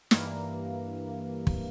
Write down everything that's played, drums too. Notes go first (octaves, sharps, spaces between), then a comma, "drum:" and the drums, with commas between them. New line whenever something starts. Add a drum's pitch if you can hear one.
G2 E3 A#3, drum: snare
drum: kick